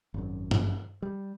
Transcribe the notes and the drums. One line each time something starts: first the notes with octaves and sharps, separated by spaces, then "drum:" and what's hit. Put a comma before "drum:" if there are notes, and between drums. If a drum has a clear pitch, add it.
G#1 F#2
drum: tom G2
G3